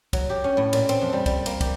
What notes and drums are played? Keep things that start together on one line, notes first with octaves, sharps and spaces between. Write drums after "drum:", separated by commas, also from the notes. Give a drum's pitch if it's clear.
F#3, drum: kick, cymbal
G4
C#4
A2
A#2, drum: cymbal
C4, drum: cymbal
F2
G3
G3, drum: kick, cymbal
A#3, drum: cymbal
G4, drum: kick, cymbal